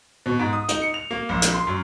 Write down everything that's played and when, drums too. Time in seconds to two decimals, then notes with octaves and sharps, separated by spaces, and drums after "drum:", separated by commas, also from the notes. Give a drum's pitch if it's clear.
0.26 B2
0.39 G#2
0.53 D#6
0.69 D#4, drum: hi-hat
0.82 C#7
0.94 F7
1.11 A#3
1.29 A#1
1.42 drum: hi-hat
1.54 C6
1.67 F#2